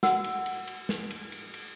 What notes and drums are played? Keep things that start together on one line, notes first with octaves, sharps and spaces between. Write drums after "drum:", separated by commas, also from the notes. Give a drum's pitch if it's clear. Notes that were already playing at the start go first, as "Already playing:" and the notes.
F#4 F#5 E6, drum: snare
drum: cymbal
drum: cymbal
drum: cymbal
drum: snare
drum: cymbal
drum: cymbal
drum: cymbal